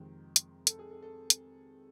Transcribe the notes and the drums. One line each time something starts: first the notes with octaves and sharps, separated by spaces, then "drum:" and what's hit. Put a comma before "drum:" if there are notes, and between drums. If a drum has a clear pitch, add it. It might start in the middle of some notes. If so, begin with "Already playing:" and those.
Already playing: F2 C3 D#3 G#3 C4
drum: hi-hat
A4, drum: hi-hat
G#4
A4
A4
drum: hi-hat